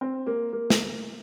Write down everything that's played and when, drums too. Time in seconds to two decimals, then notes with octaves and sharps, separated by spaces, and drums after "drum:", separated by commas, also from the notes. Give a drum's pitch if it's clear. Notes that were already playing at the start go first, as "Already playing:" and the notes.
0.01 C4
0.26 A#3
0.52 A#3
0.70 drum: snare